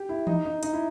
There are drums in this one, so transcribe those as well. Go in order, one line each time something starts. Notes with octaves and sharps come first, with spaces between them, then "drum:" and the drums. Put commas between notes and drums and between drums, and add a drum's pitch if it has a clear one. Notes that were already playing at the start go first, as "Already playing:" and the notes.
Already playing: G4
E4
D#4, drum: tom E3
D#4
D#4, drum: hi-hat
E4